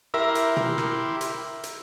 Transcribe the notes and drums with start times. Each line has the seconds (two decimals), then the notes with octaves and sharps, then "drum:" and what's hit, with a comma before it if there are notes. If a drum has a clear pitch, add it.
0.14 E4 G4 A#4 E5 A#5 C6 E6
0.35 drum: hi-hat
0.57 drum: tom
0.78 drum: rim click
1.21 drum: hi-hat
1.63 drum: hi-hat